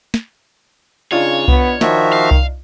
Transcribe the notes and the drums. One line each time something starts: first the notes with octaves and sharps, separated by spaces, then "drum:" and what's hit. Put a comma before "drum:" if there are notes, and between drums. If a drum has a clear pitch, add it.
drum: snare
C#3 D4 D#4 F4 C#5
B3, drum: kick C2
D#3 F3 F#4 E5, drum: snare
F5
drum: kick C2